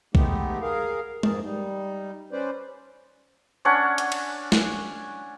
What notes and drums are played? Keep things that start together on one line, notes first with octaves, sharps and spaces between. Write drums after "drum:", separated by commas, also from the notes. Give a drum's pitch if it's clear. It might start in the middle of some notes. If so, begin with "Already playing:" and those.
G#3 A3 B3 D#4 G4, drum: kick B1
G#4 A#4 F5
F2 G#2 E3 G#4 A#4 A5, drum: tom G#3
G3 D#4
C#4 B4 C5 D5
C#4 D4 C#5 F#5
drum: hi-hat
drum: cymbal
drum: snare